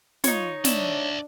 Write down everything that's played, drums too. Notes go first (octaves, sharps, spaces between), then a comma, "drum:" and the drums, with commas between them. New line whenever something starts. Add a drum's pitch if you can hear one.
D#4 F4 C#5, drum: snare
D4 D5 E5, drum: snare